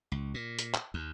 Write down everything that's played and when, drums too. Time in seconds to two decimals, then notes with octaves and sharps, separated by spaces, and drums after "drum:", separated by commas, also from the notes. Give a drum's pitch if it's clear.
0.12 C#2
0.34 A#2
0.59 drum: hi-hat
0.74 drum: clap
0.94 D#2